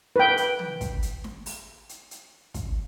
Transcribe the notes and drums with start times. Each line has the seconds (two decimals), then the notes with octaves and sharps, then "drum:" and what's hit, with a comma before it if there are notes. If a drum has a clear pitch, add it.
0.16 B4 G5
0.37 drum: hi-hat
0.59 drum: tom
0.81 drum: kick, hi-hat
1.02 drum: hi-hat
1.24 drum: snare
1.46 drum: open hi-hat
1.89 drum: hi-hat
2.11 drum: hi-hat
2.54 drum: kick, hi-hat